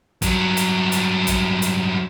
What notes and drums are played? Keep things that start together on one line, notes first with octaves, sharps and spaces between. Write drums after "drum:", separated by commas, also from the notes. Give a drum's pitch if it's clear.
G2 F#3, drum: kick, hi-hat
drum: hi-hat
drum: hi-hat
drum: kick, hi-hat
drum: hi-hat